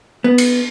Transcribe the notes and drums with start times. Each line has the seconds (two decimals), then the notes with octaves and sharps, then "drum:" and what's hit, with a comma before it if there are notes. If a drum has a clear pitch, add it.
0.24 B3
0.38 drum: cymbal